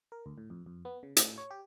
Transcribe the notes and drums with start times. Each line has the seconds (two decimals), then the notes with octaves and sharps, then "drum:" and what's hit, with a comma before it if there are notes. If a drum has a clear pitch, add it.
0.12 A#4
0.26 D2
0.38 A2
0.50 F2
0.66 F2
0.85 B3
1.03 C#3
1.17 A2, drum: hi-hat
1.38 C#5
1.51 G4